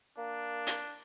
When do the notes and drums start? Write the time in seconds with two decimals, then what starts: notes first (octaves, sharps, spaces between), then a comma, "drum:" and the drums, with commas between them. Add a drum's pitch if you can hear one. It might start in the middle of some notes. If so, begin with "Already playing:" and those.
0.18 A#3 D4
0.67 drum: hi-hat